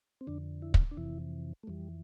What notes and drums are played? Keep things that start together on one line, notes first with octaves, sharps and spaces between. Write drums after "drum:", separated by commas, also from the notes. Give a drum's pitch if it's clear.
C4
F2 D3 D4
E4
drum: kick
D4
F2 C3 E3 E4
A3
F2 E3 G3